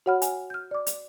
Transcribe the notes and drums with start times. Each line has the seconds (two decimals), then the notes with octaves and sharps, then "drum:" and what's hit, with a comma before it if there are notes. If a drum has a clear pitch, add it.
0.06 F#4 C#5 F#5 B5 F6
0.22 G#5, drum: hi-hat
0.50 F6 G6
0.71 D5 D6
0.87 drum: hi-hat